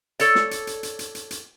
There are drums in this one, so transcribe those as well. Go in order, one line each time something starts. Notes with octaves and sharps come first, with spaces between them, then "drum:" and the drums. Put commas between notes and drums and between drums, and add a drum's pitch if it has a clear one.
A4 C#5 D5, drum: hi-hat
drum: snare
drum: hi-hat
drum: hi-hat
drum: hi-hat
drum: hi-hat
drum: hi-hat
drum: hi-hat